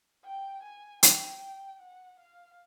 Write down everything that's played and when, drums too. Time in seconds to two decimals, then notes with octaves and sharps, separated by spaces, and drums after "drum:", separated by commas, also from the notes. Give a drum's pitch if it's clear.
0.25 G5
0.63 G#5
1.03 G5, drum: hi-hat
1.80 F#5
2.19 F5